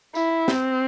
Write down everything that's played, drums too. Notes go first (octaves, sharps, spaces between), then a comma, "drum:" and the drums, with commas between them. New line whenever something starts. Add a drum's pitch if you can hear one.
E4, drum: tambourine
C4, drum: snare